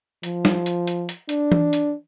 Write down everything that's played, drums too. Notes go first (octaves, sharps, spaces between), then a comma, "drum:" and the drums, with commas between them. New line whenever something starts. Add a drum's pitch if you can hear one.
F3, drum: hi-hat
drum: snare
drum: hi-hat
drum: hi-hat
drum: hi-hat
D4, drum: hi-hat
drum: tom E3
drum: hi-hat